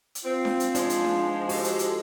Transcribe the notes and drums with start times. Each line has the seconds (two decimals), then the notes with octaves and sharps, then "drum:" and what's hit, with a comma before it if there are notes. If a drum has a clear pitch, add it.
0.15 drum: hi-hat
0.25 C4 F4
0.45 drum: snare D4
0.60 drum: hi-hat
0.75 G#2 F3 G#3 D4 G#4 C6, drum: hi-hat
0.90 drum: hi-hat
1.05 drum: snare D4
1.49 F#4 G4 A4, drum: open hi-hat
1.64 drum: hi-hat
1.79 drum: hi-hat